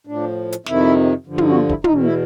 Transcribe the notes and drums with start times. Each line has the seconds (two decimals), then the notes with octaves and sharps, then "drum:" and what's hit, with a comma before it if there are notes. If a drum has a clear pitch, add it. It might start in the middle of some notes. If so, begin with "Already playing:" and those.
0.07 A2 F3 D4
0.52 drum: hi-hat
0.66 F2 C3 D#3 E4, drum: snare
1.26 G2 D3 F3
1.38 drum: tom
1.49 F#4
1.56 F4
1.69 E4, drum: kick
1.84 E2 B2 D#4, drum: tom
2.04 E4